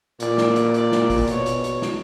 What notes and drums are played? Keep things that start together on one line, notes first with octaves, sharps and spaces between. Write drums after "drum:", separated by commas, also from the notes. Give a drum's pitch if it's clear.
A#2 D5, drum: hi-hat
drum: snare
drum: hi-hat
D5, drum: hi-hat
drum: snare
drum: kick, open hi-hat
B2 C#5, drum: hi-hat
drum: hi-hat
drum: hi-hat
drum: snare